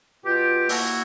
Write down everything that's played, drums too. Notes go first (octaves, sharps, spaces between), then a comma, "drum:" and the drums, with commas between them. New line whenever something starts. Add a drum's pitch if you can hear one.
B2 F4 G4
A#3 E4 F#4, drum: open hi-hat